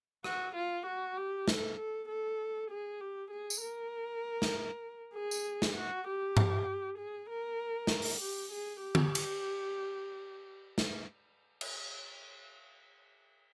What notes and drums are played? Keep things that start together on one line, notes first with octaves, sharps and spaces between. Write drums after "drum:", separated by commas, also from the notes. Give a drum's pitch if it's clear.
F#4, drum: rim click
F4
F#4
G4
A4, drum: snare
A4
A4
G#4
G4
G#4
drum: tambourine
A#4
drum: snare
G#4
drum: tambourine
drum: snare
F#4
G4
drum: tom G2
G#4
A#4
drum: snare
drum: open hi-hat
G4
G#4
G4
drum: tom D3
drum: cymbal
drum: snare
drum: cymbal